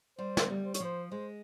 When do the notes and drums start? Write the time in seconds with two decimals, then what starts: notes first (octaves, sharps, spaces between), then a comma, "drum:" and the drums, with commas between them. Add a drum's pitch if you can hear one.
0.18 G3 C5
0.37 drum: snare
0.49 G3
0.65 C5
0.74 C#5, drum: hi-hat
0.80 F3 C5
1.11 G#3 C5